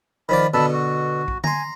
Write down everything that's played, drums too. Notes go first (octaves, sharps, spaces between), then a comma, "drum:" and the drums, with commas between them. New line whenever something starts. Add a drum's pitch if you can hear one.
D#3 F3 D5 B5
B2 D3 A5 B5 E6
F#4
drum: kick
G#5 A#5 C6, drum: tom D3